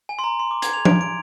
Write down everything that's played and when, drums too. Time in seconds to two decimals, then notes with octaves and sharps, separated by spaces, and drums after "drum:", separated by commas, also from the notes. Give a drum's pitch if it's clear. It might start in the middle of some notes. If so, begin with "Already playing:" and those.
0.09 G#5
0.19 C6
0.24 A#5
0.39 C6
0.51 D6
0.62 G#6, drum: hi-hat
0.73 F7
0.85 D7, drum: tom F3
1.01 D7